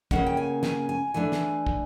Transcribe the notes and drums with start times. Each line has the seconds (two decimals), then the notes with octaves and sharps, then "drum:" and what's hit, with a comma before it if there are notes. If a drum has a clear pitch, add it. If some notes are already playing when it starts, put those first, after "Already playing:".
0.11 C#3 F3 A#3 C#4 F#5, drum: kick
0.27 G5
0.37 G#5
0.63 G#5, drum: snare
0.89 G#5
1.14 E3 A3 D4 G#5
1.32 drum: snare
1.67 drum: kick